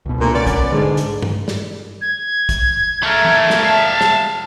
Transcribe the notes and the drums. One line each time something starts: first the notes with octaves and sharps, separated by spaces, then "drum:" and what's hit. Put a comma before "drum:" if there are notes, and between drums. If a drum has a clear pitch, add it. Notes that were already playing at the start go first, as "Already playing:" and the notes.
C#2 B2
D2 A#2
B3 C#4 D5
drum: kick, hi-hat
G#2 D3
drum: hi-hat
drum: tom G2
drum: snare
G#6
drum: kick, hi-hat
A3 A#4
drum: tom E3
drum: snare
E5 F5 A5
drum: snare